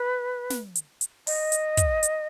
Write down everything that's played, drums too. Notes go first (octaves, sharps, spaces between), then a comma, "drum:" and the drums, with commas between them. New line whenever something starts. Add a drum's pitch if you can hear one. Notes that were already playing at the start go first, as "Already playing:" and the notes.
Already playing: B4
drum: snare
drum: hi-hat
drum: hi-hat
D#5, drum: open hi-hat
drum: hi-hat
drum: kick, hi-hat
drum: hi-hat